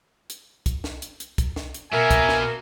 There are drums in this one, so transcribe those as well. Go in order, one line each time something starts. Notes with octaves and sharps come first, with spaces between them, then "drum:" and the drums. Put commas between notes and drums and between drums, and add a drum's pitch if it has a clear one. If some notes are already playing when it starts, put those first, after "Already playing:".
drum: hi-hat
drum: kick, hi-hat
drum: snare
drum: hi-hat
drum: hi-hat
drum: kick, hi-hat
drum: snare
drum: hi-hat
B2 A#3 F#4 A#4 E5 G#5
drum: kick, hi-hat
drum: snare